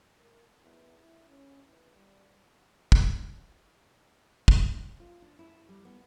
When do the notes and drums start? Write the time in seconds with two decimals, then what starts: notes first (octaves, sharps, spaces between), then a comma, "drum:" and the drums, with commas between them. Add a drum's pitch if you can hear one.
0.20 A#4
0.61 E2
0.98 E4
1.28 C#4
1.63 E3
1.95 G3
2.92 drum: kick
4.48 drum: kick
5.00 F4
5.22 D4
5.39 E4
5.69 G3
5.85 B3